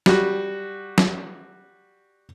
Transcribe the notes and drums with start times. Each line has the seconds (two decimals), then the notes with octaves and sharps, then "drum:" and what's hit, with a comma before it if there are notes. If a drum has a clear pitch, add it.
0.06 G3 F#4, drum: snare
0.98 drum: snare